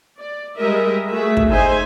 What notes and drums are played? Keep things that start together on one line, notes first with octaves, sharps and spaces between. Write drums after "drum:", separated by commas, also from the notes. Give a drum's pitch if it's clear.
D5
G3 G#3 A#4 D#5 E5
A3 F#4 G#4 E5
drum: kick
D#4 G#4 C5 E5 G#5 C6